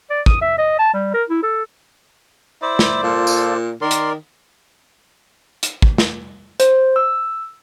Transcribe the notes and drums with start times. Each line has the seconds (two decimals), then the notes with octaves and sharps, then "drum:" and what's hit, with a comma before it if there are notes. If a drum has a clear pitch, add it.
0.10 D5
0.26 D#6, drum: kick
0.42 E5
0.58 D#5
0.79 A5
0.94 G3
1.14 A#4
1.30 E4
1.43 A4
2.62 E4 C5 D5
2.79 drum: snare
3.03 A#2 F4 A4
3.27 drum: tambourine
3.82 D#3 A#4 D5 C6
3.91 drum: hi-hat
5.63 drum: hi-hat
5.82 drum: kick
5.98 drum: snare
6.60 C5, drum: hi-hat
6.96 E6